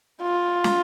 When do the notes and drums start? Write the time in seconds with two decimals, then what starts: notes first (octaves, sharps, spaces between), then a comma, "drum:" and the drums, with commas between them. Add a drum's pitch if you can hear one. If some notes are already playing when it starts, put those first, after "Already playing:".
0.22 F4
0.64 drum: snare